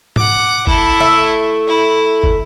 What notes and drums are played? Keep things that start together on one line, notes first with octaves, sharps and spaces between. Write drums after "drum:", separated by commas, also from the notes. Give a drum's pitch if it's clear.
F#5 D6, drum: tom G#2
E4 A4, drum: kick
A3 E5
E4
drum: kick